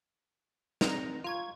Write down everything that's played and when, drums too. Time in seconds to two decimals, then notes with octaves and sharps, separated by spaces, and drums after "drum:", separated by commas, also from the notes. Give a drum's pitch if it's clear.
0.81 C4 D#4 A#5, drum: snare
1.24 F4 F5 A#5 C#6 G#6